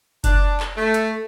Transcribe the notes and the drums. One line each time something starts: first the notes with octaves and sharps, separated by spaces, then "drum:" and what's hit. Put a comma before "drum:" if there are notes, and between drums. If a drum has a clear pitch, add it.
D4, drum: kick F#1, hi-hat
drum: clap
A3
drum: hi-hat